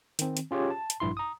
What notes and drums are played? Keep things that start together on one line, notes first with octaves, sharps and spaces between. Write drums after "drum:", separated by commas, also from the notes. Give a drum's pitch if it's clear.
D#3 C4, drum: hi-hat
drum: hi-hat
C#4 F4 G4 G#4 C#5
A5
drum: hi-hat
A#1 G2 E4 C6
A#5 D#6